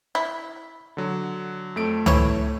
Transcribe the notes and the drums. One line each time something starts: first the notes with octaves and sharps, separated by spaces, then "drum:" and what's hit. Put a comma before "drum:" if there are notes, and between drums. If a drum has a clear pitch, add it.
E4 B6
D3 F#3
F2 A3 D7
E3 E4 C#5, drum: tom C#2